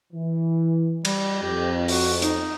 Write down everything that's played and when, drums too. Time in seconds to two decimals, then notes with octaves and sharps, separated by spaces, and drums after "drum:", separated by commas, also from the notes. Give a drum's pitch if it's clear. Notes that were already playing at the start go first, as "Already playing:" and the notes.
0.13 E3
1.05 G3, drum: cymbal
1.43 F2 G4
1.88 F#4, drum: open hi-hat
2.22 D#4, drum: hi-hat